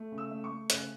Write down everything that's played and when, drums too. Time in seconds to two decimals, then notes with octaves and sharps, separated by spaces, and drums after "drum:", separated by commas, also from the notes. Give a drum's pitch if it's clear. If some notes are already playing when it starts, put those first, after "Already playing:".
Already playing: A3
0.12 C#3
0.18 E6
0.31 A3
0.44 C#6
0.50 A3
0.70 C#3 F#6, drum: hi-hat